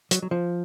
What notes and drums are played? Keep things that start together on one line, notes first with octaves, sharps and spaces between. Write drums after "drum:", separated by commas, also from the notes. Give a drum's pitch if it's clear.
F#3, drum: hi-hat
F#3
F3